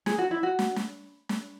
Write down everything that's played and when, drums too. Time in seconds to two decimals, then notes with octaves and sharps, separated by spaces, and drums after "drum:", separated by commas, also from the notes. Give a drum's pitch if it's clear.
0.06 G#4, drum: snare
0.18 F#4
0.31 E4
0.43 F#4
0.59 drum: snare
0.76 drum: snare
1.29 drum: snare